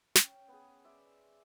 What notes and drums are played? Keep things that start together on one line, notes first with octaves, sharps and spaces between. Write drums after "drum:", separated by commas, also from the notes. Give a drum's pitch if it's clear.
C#4 G5, drum: snare
B3 G#4
D5 E5 C6